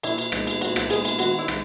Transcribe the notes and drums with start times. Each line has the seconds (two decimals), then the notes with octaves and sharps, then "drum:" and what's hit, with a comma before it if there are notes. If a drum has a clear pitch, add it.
0.03 A#2 E4, drum: cymbal
0.18 drum: cymbal
0.32 G#3 B3 D#4, drum: rim click
0.47 drum: cymbal
0.61 A#2 F#4, drum: cymbal
0.76 drum: rim click
0.90 G#3 B3 D#4 G#4, drum: cymbal
1.05 drum: cymbal
1.19 D#3 F#4, drum: cymbal
1.39 E4
1.48 G#3, drum: rim click